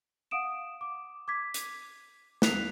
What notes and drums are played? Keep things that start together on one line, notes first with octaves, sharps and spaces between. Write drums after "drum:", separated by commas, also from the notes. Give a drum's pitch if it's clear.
F5 F#5 D#6 D7 E7
D6
D6 G#6 B6
drum: hi-hat
E4 F#6 B6 C7 F7, drum: snare